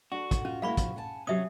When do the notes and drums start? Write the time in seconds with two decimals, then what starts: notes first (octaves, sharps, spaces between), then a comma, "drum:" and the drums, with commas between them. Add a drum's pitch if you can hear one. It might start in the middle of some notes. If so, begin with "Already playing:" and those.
0.12 D4 F#4 A4
0.31 drum: kick, hi-hat
0.45 C#4 F4
0.62 G#3 A#3 E4 F5 B5 C#6
0.77 F3, drum: kick, hi-hat
0.96 F#5 G#5 A5
1.27 C3 F#3 C#4 G4 E5 D#6